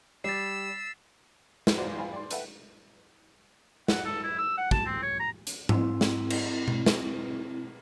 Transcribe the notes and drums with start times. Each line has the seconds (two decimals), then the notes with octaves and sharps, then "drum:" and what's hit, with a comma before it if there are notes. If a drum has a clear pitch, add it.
0.24 G3 E6 A6 B6 C7
1.67 drum: snare
1.77 B1 E3 F4 F#4 C5 D5
1.97 F4 G5 G#5 B5
2.12 D5 C6
2.31 A4 B4 E5 F#5 G5, drum: hi-hat
3.88 F#5, drum: snare
4.05 A4
4.24 E4
4.38 E6
4.58 F#5
4.71 A5, drum: kick
4.86 C4
5.02 C#5
5.19 A#5
5.47 drum: hi-hat
5.69 C4 E4, drum: tom G#2
6.01 drum: snare
6.30 drum: cymbal
6.68 drum: tom B2
6.86 drum: snare